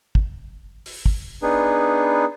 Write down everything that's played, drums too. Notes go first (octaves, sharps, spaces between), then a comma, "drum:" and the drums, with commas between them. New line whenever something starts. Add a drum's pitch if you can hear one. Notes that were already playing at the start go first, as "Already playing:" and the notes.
drum: kick
drum: open hi-hat
drum: kick
B3 D4 D#4 G#4 B4